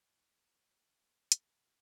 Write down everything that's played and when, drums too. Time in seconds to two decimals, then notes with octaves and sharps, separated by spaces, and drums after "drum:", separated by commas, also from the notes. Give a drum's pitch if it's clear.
0.09 G3 C4
1.32 A4 C5 G#5 C#6, drum: hi-hat